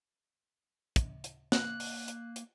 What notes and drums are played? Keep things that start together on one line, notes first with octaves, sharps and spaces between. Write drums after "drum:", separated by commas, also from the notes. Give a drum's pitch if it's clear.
drum: kick, hi-hat
drum: hi-hat
A#3 F#6, drum: snare
drum: open hi-hat
drum: hi-hat
drum: hi-hat